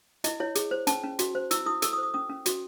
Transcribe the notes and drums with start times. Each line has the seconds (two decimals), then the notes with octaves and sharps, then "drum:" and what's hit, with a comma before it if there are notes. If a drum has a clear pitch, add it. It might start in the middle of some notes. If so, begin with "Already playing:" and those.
0.24 E4 D#5, drum: hi-hat
0.40 E4 C#5
0.55 G#4, drum: hi-hat
0.71 C5
0.87 C#4 A5, drum: hi-hat
1.03 C#4
1.19 F#4, drum: hi-hat
1.35 C5
1.51 E4 E6, drum: hi-hat
1.66 E4 D#6
1.82 A4 E6, drum: hi-hat
1.93 D#6
1.98 C5
2.03 D#6
2.14 C#4 D#6
2.29 C#4
2.46 F#4, drum: hi-hat